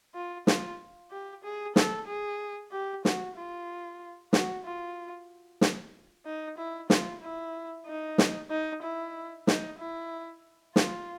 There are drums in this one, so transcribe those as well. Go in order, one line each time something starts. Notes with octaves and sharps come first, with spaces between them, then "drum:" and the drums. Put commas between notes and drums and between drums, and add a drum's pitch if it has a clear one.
F4
F4, drum: snare
G4
G#4
A4, drum: snare
G#4
G4
F#4, drum: snare
F4
F#4, drum: snare
F4
drum: snare
D#4
E4
F4, drum: snare
E4
D#4
drum: snare
D#4
E4
D#4, drum: snare
E4
F4, drum: snare